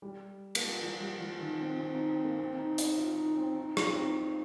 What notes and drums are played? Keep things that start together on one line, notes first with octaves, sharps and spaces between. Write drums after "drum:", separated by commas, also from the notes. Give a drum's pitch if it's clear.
G3
A#3, drum: cymbal
G3
F3
G3
F3
D#3
C4
C4
D#4
C4
A#3
C4
D#4
D#4, drum: hi-hat
F4
D#4
C4
D#4
F4, drum: rim click
C4
D#4
D#4